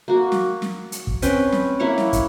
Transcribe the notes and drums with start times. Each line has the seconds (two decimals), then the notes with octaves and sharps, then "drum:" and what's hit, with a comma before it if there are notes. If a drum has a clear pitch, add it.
0.08 A#3 F#4
0.32 drum: snare
0.62 drum: snare
0.92 drum: hi-hat
1.07 drum: kick
1.22 C4 C#4 B4 G5, drum: hi-hat
1.52 drum: snare
1.79 A#3 E4 C#5 F#5
1.98 drum: snare
2.13 drum: kick, hi-hat